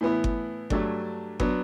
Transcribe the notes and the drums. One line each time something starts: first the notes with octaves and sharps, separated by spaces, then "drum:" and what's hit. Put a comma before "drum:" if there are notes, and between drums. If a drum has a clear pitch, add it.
A2 E3 B3 E4
drum: kick G1
G2 F#3 A3 D4, drum: kick G1
F#3 B3 D4, drum: kick G1